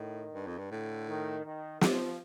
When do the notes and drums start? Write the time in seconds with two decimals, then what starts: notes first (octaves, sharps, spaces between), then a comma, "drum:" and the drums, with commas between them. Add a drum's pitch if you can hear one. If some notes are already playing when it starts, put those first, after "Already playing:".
Already playing: A2 D#3
0.34 G2
0.47 F2
0.58 G2
0.71 A2 D3
1.09 D#3
1.44 D#3
1.81 F3, drum: snare